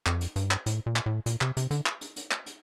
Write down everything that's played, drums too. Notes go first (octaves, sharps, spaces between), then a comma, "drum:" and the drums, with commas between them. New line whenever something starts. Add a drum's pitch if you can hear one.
F2, drum: clap
drum: hi-hat
G2, drum: hi-hat
drum: clap
A2, drum: hi-hat
A#2
drum: clap
A2
A#2, drum: hi-hat
C3, drum: clap
C3, drum: hi-hat
D3, drum: hi-hat
drum: clap
drum: hi-hat
drum: hi-hat
drum: clap
drum: hi-hat